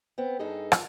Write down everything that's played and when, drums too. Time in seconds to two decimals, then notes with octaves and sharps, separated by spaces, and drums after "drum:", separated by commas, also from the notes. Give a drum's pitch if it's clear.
0.18 B3 C4
0.39 G2 D#4 G#4 A4
0.72 D#3 F4, drum: rim click